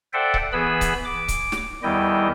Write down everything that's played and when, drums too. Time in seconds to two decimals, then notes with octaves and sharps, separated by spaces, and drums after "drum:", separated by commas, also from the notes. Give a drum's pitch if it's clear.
0.13 A4 C5 D5 E5 F#5 G5
0.34 drum: kick C#1
0.53 E3 B3 G#4 B4 B5 E6
0.81 drum: kick C#1, hi-hat
1.05 D6
1.28 drum: kick C#1, hi-hat
1.52 drum: snare
1.83 E2 D#3 G3 E4 D#5 G5